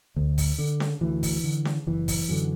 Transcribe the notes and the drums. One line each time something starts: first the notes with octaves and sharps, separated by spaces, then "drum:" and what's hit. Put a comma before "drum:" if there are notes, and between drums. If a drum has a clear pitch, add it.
D2
drum: kick, open hi-hat
D3
drum: snare C#4
D2 E3
drum: kick, open hi-hat
D3
drum: snare C#4
F#1 E3
drum: kick, open hi-hat
F#2 D3